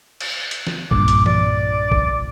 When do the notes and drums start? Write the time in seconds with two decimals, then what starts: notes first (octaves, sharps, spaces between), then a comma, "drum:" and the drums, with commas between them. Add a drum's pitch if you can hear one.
0.21 drum: cymbal
0.51 drum: hi-hat
0.67 drum: snare
0.91 B1 G2 A#2 D6, drum: kick
1.08 drum: hi-hat
1.26 D5, drum: tom E3
1.92 drum: kick